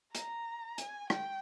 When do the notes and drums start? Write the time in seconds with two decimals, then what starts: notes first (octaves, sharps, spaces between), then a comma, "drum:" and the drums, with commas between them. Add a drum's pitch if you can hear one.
0.15 A#5, drum: hi-hat
0.78 G#5, drum: hi-hat
1.10 G5, drum: rim click